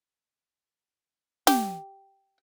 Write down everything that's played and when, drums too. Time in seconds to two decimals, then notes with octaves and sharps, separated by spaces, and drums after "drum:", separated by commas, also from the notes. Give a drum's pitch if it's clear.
1.47 G4, drum: snare